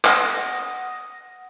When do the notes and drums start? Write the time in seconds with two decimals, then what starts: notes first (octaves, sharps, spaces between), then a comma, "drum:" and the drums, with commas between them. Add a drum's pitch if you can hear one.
0.04 F#5 D#6 A#6, drum: clap